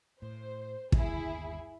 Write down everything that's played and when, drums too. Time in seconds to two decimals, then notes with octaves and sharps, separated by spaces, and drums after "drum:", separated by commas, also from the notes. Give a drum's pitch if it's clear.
0.22 A2 C5
0.92 G1 D#2 E4 G#4, drum: kick